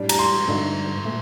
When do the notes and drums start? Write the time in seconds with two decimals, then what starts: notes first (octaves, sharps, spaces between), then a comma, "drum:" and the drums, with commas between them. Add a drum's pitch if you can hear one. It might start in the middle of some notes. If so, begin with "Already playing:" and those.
Already playing: A2 G3 D4
0.09 A#5, drum: cymbal
0.19 C6
0.48 G2 D3 A3 D#4 F#4
1.04 A#2 A3